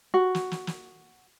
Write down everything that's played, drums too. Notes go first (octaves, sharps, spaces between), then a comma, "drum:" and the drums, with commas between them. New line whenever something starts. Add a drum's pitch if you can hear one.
F#4
drum: snare
drum: snare
drum: snare